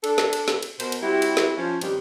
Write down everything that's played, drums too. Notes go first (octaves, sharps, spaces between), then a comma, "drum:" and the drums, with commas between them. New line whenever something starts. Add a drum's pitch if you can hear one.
D4 A4, drum: cymbal
drum: snare
drum: cymbal
drum: snare
drum: cymbal
B2 A#4 C5, drum: cymbal
drum: cymbal
G3 C4 E4 F#4 G4
drum: cymbal
drum: snare
F3 C#4 F4
G2 D#3 G3 C4 D#4 G4, drum: cymbal